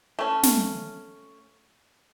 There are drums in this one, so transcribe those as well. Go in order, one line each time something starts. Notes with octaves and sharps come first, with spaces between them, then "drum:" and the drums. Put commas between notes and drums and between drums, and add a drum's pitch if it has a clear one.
A3 C#4
drum: snare